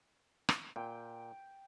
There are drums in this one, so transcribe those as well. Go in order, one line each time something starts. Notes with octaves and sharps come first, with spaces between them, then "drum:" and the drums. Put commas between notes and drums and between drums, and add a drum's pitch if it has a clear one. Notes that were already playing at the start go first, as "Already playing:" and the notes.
drum: rim click
A#2 G5